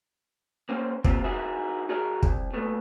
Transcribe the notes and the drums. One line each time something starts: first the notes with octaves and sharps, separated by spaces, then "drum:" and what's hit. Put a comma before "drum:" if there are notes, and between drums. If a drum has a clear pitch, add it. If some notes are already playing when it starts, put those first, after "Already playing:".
A#3 C#4 C5
A#3 C4 F4 G4, drum: kick
D#4 E4 F#4 G#4 A#4 E5
F#4 G#4 A#4 D5 E5
C2, drum: kick
A#2 A3 B3